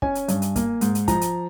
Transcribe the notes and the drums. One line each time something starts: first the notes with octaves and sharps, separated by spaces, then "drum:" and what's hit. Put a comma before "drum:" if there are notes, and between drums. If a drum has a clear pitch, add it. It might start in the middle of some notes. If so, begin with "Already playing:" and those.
C#4 G#5, drum: kick
drum: hi-hat
G2, drum: hi-hat
drum: hi-hat
A#3, drum: kick, hi-hat
G#2, drum: hi-hat
drum: hi-hat
F3 A#5, drum: kick, hi-hat
drum: hi-hat